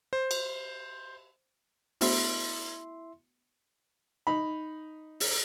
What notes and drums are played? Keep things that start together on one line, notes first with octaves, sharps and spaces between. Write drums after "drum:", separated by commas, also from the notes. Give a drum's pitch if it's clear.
C5
drum: cymbal
A3 B3 D4 E4 F#4 C5 E5 C6, drum: open hi-hat
D#4 B5
drum: open hi-hat